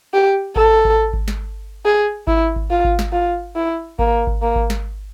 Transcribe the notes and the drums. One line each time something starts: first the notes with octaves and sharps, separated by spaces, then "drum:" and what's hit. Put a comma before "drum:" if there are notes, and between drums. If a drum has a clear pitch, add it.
G4
A4, drum: kick G#1
drum: kick G#1
drum: kick G#1
drum: snare
G#4
E4, drum: kick G#1
drum: kick G#1
F4
drum: kick G#1
drum: snare
F4
E4
A#3, drum: kick G#1
drum: kick G#1
A#3
drum: kick G#1
drum: snare